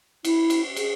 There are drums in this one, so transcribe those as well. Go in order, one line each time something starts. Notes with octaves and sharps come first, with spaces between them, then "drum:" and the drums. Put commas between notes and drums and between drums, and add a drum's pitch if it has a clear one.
E4, drum: cymbal
drum: cymbal
G#4, drum: cymbal